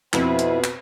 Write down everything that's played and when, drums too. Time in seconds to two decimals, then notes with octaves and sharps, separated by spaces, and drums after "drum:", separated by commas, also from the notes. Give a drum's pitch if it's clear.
0.13 F2 B2 C4 E4 B4, drum: clap
0.39 drum: hi-hat
0.64 drum: clap